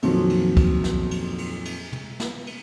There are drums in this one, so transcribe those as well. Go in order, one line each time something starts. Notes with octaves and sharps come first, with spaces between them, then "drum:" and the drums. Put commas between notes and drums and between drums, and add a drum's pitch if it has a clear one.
F2 A#2 D#3 F3 F#3, drum: cymbal
drum: cymbal
drum: kick, cymbal
drum: snare
drum: cymbal
drum: cymbal
drum: cymbal
drum: tom
drum: snare
drum: cymbal